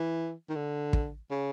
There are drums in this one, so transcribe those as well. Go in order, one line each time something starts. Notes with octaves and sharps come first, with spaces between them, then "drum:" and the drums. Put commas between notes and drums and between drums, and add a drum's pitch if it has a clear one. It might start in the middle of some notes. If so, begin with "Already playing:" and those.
Already playing: E3
D#3
D3
drum: kick
C#3